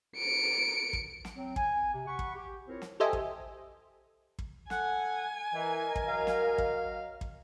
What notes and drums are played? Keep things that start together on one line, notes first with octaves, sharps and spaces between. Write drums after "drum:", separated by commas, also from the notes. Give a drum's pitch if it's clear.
C#7 D7
drum: kick
drum: snare
F#3 C4
G#5, drum: kick
C3
F#5 B5 C#6
drum: kick
G4
C4 E4 F4 A#4 C5 C#5
drum: snare
G4 A4 C5 D#5 E5 G#5
drum: kick
drum: kick
A4 F#5 G#5, drum: snare
E3 A#4 D#5
drum: kick
F#3 F5
drum: snare
drum: kick
drum: kick